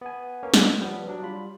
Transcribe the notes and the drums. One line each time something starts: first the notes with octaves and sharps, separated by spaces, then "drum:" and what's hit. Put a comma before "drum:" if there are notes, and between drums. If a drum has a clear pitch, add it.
B3 G#5
A#3 C#4
drum: snare
F3 G3 B3
F#3 D4
G3 F4 B5